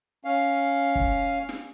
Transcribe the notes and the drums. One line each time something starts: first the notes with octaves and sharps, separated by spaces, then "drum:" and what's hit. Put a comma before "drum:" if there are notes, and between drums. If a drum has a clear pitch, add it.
C#4 F5
drum: kick
drum: snare